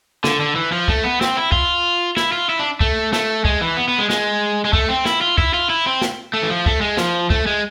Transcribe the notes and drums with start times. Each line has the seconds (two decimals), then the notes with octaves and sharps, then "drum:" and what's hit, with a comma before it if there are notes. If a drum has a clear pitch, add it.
0.24 D3, drum: snare
0.40 D3
0.56 E3
0.72 F3
0.88 A3, drum: kick
1.04 B3
1.21 C4, drum: snare
1.37 E4
1.52 F4, drum: kick
2.17 E4, drum: snare
2.32 F4
2.49 E4
2.59 D4
2.81 A3, drum: kick
3.13 A3, drum: snare
3.45 G#3, drum: kick
3.61 E3
3.77 B3
3.88 B3
3.98 G#3
4.10 G#3, drum: snare
4.65 G#3
4.73 A3, drum: kick
4.89 C4
5.05 E4, drum: snare
5.21 F4
5.38 E4, drum: kick
5.54 F4
5.70 E4
5.86 C4
6.02 drum: snare
6.34 A3
6.43 E3
6.50 F3
6.66 A3, drum: kick
6.81 G#3
6.97 F3, drum: snare
7.30 A3, drum: kick
7.47 G#3